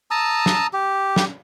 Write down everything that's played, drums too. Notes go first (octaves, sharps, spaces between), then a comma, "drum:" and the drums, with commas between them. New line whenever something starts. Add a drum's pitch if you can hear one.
A5 A#5 D#6 E6
drum: snare
G4
drum: snare